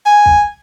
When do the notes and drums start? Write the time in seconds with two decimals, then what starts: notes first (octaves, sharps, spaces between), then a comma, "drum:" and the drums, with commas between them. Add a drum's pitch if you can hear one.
0.06 G#5
0.26 drum: kick